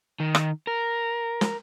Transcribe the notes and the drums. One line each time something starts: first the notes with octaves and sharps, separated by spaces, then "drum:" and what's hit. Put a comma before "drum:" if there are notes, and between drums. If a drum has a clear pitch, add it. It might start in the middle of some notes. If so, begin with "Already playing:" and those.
D#3
drum: rim click
A#4
drum: snare